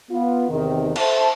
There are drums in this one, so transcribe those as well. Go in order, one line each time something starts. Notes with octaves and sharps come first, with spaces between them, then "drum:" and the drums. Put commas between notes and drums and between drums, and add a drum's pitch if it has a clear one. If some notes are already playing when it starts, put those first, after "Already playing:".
B3 F4
E2 C3 D#3
A4 C5 E5 A5, drum: cymbal